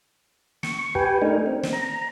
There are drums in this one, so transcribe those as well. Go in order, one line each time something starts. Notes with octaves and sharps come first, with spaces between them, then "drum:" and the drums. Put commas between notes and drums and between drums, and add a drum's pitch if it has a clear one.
C#6, drum: snare
G4 B4 G5 G#5, drum: kick
A3 D4 D#4 A#4
C4
drum: snare
A#5